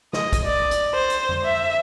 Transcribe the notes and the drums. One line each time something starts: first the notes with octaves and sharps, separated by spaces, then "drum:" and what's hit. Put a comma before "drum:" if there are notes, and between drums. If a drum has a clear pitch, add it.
D#5, drum: snare
drum: kick, hi-hat
D5
drum: hi-hat
C5
drum: hi-hat
drum: tom F2
E5